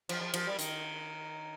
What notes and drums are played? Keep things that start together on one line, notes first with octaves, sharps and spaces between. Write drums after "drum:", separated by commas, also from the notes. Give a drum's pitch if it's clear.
F3, drum: cymbal
F3
F3, drum: cymbal
G3
D#3, drum: hi-hat